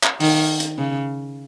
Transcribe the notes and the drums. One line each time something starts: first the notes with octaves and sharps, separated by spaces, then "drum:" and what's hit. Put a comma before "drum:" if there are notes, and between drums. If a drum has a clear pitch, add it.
drum: clap
D#3, drum: open hi-hat
drum: hi-hat
C#3